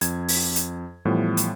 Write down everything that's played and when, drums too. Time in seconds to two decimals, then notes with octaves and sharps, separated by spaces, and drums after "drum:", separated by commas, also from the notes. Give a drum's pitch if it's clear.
0.01 F2 G#6, drum: hi-hat
0.28 drum: open hi-hat
0.56 drum: hi-hat
1.05 A2 E3 F3 G3 B3
1.37 drum: hi-hat